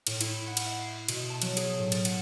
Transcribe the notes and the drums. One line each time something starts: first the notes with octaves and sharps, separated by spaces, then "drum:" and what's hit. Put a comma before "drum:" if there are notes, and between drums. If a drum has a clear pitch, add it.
A2, drum: cymbal
E4, drum: cymbal
F#5
drum: cymbal
E5
C7
B2, drum: cymbal
A5
F#3, drum: cymbal
G#4, drum: cymbal
A2
A6, drum: cymbal
F#5, drum: cymbal